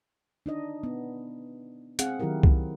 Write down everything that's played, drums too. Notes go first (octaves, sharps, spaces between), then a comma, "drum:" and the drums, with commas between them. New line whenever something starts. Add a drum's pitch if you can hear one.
D4 D#4 D#5
B3
C4 G#4 F5 F#5, drum: hi-hat
D#3 F#3 E4 G4 A#4
drum: kick C2